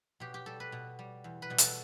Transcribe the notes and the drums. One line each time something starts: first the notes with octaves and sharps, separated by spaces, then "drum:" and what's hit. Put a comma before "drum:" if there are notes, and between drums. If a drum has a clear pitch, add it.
B2 G4
G4
G3 A4
B4
B2
G3
E2
B4
B2 G3
A4, drum: hi-hat